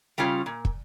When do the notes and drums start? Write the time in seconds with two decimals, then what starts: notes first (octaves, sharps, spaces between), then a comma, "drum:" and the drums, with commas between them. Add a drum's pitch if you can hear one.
0.18 C#3 G3 C#4 F4
0.46 A#2
0.65 drum: kick